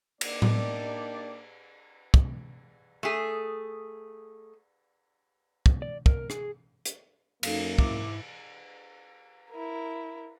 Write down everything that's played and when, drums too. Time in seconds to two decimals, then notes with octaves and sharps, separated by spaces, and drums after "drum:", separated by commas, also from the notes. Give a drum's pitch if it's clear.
0.21 A#3 D4 D#4 G4 D5, drum: cymbal
0.42 drum: tom A2
2.14 drum: kick
3.03 A3 G#4
5.66 drum: kick
5.82 D5
6.06 A#4, drum: kick
6.30 G#4, drum: rim click
6.86 drum: hi-hat
7.43 F#2 A#3 D#4 A4 F5, drum: cymbal
7.79 G#2 E4 D6, drum: kick
9.51 E4 A#4